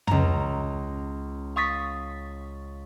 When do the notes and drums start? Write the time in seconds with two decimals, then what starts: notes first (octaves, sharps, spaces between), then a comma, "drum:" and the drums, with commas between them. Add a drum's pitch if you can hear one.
0.07 C#2 A#5, drum: tom
1.56 F5 C#6 D#6 A6 B6